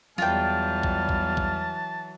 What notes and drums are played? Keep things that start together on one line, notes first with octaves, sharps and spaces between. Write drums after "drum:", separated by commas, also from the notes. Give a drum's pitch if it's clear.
E2 E3 F#3 G3 F4 G5 A5 F6, drum: snare
drum: kick A#1
drum: kick A#1
drum: kick A#1